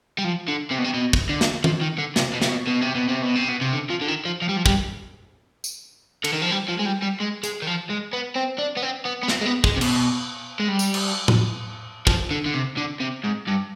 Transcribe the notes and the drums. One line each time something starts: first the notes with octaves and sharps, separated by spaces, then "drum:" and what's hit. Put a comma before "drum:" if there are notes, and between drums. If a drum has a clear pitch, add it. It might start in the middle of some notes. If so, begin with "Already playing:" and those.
G3
F3
D3
C3
B2
C3
B2
drum: kick
D3
drum: snare
F3, drum: tom D#3
D#3
D3
C3, drum: snare
B2
C3, drum: snare
B2
B2
C3
B2
C3
B2
C3
B2
C3
D3
F3
D3
D#3
F3
F3
G3
F3
G3, drum: kick
drum: tambourine
D3, drum: cymbal
D#3
F3
G3
F3
G#3
G3
G3
G#3
G#3, drum: hi-hat
D#3
F3
G#3
B3
C4
D4
B3
C4
B3
B3
C4, drum: snare
G#3
B3
G#3, drum: kick
C3
B2, drum: cymbal
G#3
G3
drum: tambourine
drum: cymbal
drum: tom A2
F3, drum: kick
D3
D3
C3
D3
C3
G#2
G2